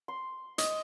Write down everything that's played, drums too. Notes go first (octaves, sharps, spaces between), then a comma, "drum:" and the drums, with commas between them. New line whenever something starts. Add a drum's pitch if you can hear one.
C6
D#5, drum: hi-hat